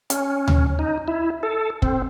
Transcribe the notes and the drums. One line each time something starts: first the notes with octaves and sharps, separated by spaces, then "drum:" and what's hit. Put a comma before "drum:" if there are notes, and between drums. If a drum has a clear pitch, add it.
C#4, drum: hi-hat
drum: tom D2
D#4
E4
A4
C4, drum: kick